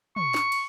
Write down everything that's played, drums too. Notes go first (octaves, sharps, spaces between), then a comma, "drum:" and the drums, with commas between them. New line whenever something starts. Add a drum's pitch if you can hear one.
C#6, drum: tom
drum: snare
drum: cymbal